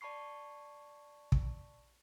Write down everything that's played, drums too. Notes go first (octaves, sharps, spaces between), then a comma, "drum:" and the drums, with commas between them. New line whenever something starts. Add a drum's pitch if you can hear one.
D5 A5 B5 C#6 C7
drum: kick